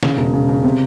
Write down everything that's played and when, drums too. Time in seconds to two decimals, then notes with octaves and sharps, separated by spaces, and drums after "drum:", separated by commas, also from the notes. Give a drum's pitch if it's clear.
0.03 C#3, drum: snare
0.17 E1
0.34 C#3
0.49 C#3
0.64 C3